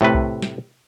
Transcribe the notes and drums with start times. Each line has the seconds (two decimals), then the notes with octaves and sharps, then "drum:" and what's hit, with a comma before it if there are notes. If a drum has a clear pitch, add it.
0.01 A2 C3 A3 B4
0.15 drum: kick B1
0.42 drum: snare